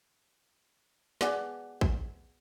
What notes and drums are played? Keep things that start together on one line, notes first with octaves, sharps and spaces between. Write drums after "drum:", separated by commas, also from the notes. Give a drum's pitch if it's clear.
B3 G#4 D5 F#5 G#5, drum: snare
drum: kick